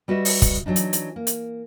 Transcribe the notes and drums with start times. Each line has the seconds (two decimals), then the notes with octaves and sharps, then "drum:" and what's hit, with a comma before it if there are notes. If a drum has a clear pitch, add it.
0.08 G3 F#4 B4 D#5 E5
0.25 drum: open hi-hat
0.42 drum: kick, hi-hat
0.66 E3 F#3 G3 D4 D#4
0.76 drum: hi-hat
0.93 drum: hi-hat
1.16 A#3
1.27 drum: hi-hat